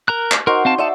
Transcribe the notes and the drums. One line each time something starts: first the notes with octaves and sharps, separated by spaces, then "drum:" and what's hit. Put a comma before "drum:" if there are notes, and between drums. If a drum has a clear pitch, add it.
A#4 A#5 F#6
drum: clap
D#4 F#4 A#4 C5
C4 F5 A5
D#4 D5 E5 F#5 A5